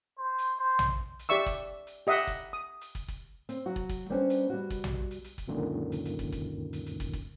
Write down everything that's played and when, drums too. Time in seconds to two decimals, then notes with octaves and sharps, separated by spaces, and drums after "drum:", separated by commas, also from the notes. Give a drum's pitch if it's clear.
0.18 C5
0.38 drum: hi-hat
0.59 C5
0.79 drum: tom A#1
1.19 drum: hi-hat
1.29 G4 D5 E5 C#6 E6
1.46 drum: kick, hi-hat
1.87 drum: hi-hat
2.07 G4 D#5 E5 F#5
2.27 drum: kick, hi-hat
2.53 D#6
2.81 drum: hi-hat
2.95 drum: kick, hi-hat
3.08 drum: kick, hi-hat
3.49 C4, drum: hi-hat
3.66 F#3 F#4
3.76 drum: kick
3.89 drum: kick, hi-hat
4.10 G3 B3 C#4 D4 C5
4.30 drum: hi-hat
4.50 G3 F#4
4.70 drum: kick, hi-hat
4.84 drum: tom A#1
5.11 drum: hi-hat
5.24 drum: hi-hat
5.38 drum: kick, hi-hat
5.48 C#2 F#2 A#2 D3 D#3
5.92 drum: hi-hat
6.05 drum: hi-hat
6.19 drum: kick, hi-hat
6.32 drum: kick, hi-hat
6.73 drum: hi-hat
6.86 drum: hi-hat
7.00 drum: kick, hi-hat
7.13 drum: kick, hi-hat